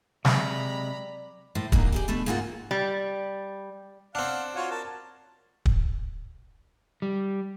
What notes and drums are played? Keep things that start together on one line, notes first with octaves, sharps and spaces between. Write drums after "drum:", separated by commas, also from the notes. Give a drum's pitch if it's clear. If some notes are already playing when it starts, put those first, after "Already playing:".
C3 F#3 G#3 D5 A#5 B5, drum: snare
A2 C5
C#3 F#3 A#3 D4 D#4, drum: kick
G4 G#4 D5
B2 A3 D4
G#2 G#3 A#3 C4 F4 F#5
G3
C4 D4 F5 F#5
F4 F#4 C#5
A#4 A5
drum: kick
G3